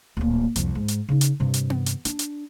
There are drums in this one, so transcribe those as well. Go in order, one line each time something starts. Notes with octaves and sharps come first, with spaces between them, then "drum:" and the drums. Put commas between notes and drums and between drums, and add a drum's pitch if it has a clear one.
D1 A#2
C2 F2, drum: hi-hat
G#2
drum: hi-hat
C#3 D#4
drum: hi-hat
G2 C3
drum: hi-hat
drum: tom B3
drum: hi-hat
D4, drum: hi-hat
drum: hi-hat